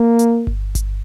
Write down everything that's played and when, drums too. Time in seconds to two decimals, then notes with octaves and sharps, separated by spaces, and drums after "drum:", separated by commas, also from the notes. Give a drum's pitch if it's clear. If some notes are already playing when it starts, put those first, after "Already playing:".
Already playing: A#3
0.19 drum: hi-hat
0.47 drum: kick G1
0.75 drum: kick G1, hi-hat